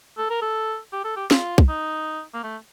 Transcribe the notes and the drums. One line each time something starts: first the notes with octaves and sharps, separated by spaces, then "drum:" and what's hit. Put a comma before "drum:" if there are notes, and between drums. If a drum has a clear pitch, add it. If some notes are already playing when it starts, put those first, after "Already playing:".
A4
A#4
A4
G4
A4
G4
F4, drum: snare
drum: kick
D#4
A#3
A3